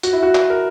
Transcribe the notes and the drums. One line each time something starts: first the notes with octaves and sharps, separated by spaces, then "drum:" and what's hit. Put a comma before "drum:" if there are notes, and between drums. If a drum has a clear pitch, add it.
F#4, drum: hi-hat
E4
F#4
drum: clap
A#4